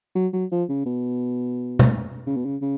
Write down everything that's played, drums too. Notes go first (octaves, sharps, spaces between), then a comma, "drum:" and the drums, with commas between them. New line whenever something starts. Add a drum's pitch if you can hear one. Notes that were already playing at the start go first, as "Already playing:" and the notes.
F#3
F#3
F3
C#3
B2
drum: tom B2
C#3
B2
C#3
C#3